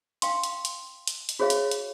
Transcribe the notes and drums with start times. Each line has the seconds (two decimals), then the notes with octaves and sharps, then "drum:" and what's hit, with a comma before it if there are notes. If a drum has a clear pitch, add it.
0.22 F5 G5 C6, drum: hi-hat
0.44 drum: hi-hat
0.65 drum: hi-hat
1.07 drum: hi-hat
1.29 drum: hi-hat
1.39 F#4 G#4 C#5 E5 F5
1.50 drum: hi-hat
1.71 drum: hi-hat